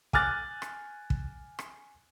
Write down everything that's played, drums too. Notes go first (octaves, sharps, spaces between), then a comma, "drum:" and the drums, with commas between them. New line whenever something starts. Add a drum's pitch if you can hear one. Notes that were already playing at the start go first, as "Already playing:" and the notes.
G#5 D6 F6 F#6 A6, drum: kick
drum: rim click
drum: kick
drum: rim click